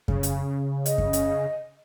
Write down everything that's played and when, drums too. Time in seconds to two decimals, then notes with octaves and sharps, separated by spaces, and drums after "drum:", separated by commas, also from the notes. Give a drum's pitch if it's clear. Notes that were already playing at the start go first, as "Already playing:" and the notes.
0.08 C#3, drum: kick F#2
0.23 drum: hi-hat
0.86 D#5, drum: hi-hat
0.98 drum: kick F#2
1.13 drum: hi-hat